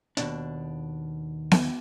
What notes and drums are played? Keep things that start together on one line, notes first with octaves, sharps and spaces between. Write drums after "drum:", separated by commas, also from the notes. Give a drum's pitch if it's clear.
D#2 B2 D4, drum: hi-hat
drum: snare B3